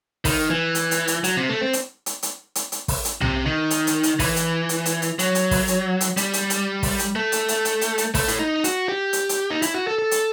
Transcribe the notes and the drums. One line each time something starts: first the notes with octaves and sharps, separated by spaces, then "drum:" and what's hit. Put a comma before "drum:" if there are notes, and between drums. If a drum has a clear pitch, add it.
D#3, drum: kick, open hi-hat
E3
drum: hi-hat
drum: hi-hat
drum: hi-hat
F#3, drum: hi-hat
C3
A3
C4
drum: hi-hat
drum: hi-hat
drum: hi-hat
drum: hi-hat
drum: hi-hat
drum: kick, open hi-hat
drum: hi-hat
C3, drum: tom
D#3
drum: hi-hat
drum: hi-hat
drum: hi-hat
E3, drum: kick, open hi-hat
drum: hi-hat
drum: hi-hat
drum: hi-hat
drum: hi-hat
F#3, drum: hi-hat
drum: hi-hat
drum: kick, open hi-hat
drum: hi-hat
drum: hi-hat
G3, drum: hi-hat
drum: hi-hat
drum: hi-hat
drum: kick, open hi-hat
drum: hi-hat
A3
drum: hi-hat
drum: hi-hat
drum: hi-hat
drum: hi-hat
drum: hi-hat
A3, drum: kick, open hi-hat
E4, drum: hi-hat
D#4
F#4, drum: hi-hat
G4
drum: hi-hat
drum: hi-hat
D#4
E4, drum: hi-hat
F#4
A4
A4
drum: hi-hat